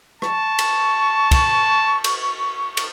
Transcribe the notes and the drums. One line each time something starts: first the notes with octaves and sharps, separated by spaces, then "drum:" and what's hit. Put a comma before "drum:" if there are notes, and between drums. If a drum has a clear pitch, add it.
A5 C#6, drum: rim click
drum: cymbal
drum: kick, cymbal
drum: cymbal
drum: cymbal